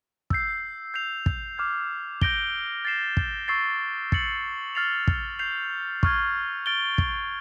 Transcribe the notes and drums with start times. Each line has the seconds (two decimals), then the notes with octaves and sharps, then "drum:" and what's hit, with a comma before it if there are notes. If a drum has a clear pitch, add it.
0.30 E6 G6 C7, drum: kick
0.94 G6 C7 F7
1.26 drum: kick
1.58 D6 F6 G#6
2.21 D6 G6 A#6 D7 G7, drum: kick
2.85 A6 C7 E7
3.17 drum: kick
3.48 C#6 E6 A6 C7
4.12 A6 C#7 F#7, drum: kick
4.75 F6 A6 C7 F7
5.08 drum: kick
5.39 G6 C7 F7
6.03 C#6 F6 G#6, drum: kick
6.66 F6 A6 D7 G7
6.98 drum: kick